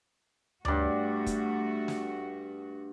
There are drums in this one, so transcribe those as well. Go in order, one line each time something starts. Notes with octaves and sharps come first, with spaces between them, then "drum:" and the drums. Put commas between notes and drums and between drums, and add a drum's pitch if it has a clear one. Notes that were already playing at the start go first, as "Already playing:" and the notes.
G2 A3 F#4 D5, drum: tom D2
drum: kick, hi-hat
drum: snare